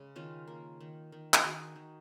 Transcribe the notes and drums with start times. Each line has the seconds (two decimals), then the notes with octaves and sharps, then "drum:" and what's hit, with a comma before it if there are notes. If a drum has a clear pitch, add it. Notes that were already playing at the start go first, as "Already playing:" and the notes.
Already playing: C#3 G#3
0.16 D#3 C#4 F4
0.47 A#3
0.80 D#3
1.12 D#3
1.34 G#4, drum: clap
1.44 D#3 D#4 F#4
1.76 D#3